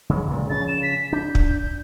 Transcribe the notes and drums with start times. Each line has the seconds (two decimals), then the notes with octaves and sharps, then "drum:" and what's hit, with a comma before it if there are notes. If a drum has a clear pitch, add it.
0.09 C#3 F#3 G#3
0.27 C#2 G2 A#2
0.50 C#3 F3 C#4 A6
0.68 E7
0.83 B6
1.13 D4 G6
1.35 drum: kick